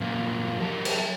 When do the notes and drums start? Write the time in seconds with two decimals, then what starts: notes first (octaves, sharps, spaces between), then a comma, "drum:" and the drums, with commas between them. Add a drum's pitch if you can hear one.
0.01 F#2 A#2 F3 A#3 F4
0.59 F#3 G4 A#4 D#5 A5
0.85 drum: cymbal